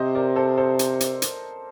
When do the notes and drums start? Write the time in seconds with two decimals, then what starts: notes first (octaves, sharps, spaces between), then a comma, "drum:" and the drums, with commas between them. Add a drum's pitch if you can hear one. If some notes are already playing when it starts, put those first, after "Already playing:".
Already playing: C3 C5 D#5
0.15 A#4 D5
0.36 A4 C5
0.58 A4 C5
0.79 drum: hi-hat
1.00 drum: hi-hat
1.22 drum: hi-hat